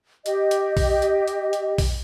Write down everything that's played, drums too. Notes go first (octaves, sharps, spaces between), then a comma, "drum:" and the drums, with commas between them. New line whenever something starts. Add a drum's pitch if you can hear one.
G4 D#5, drum: hi-hat
drum: hi-hat
drum: kick B1, open hi-hat
drum: hi-hat
drum: hi-hat
drum: hi-hat
drum: kick B1, open hi-hat